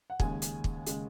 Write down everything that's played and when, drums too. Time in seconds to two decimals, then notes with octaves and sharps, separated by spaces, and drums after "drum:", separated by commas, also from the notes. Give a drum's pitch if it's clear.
0.10 F#5
0.20 D#2 C#3 G#3 G#5, drum: kick
0.42 drum: hi-hat
0.64 drum: kick
0.86 C#3 G#3, drum: hi-hat